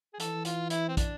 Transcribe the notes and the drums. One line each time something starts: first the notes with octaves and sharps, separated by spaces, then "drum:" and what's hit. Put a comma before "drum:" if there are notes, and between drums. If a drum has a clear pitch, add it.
G#4
E3 A4, drum: hi-hat
F4, drum: hi-hat
E4, drum: hi-hat
C4
D4, drum: kick, hi-hat